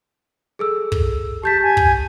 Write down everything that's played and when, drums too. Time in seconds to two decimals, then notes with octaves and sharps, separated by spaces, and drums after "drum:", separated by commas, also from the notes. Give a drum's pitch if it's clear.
0.59 G#4 A4 E6
0.92 drum: kick
1.43 G4 A5 G6 B6
1.63 G#5
1.77 drum: kick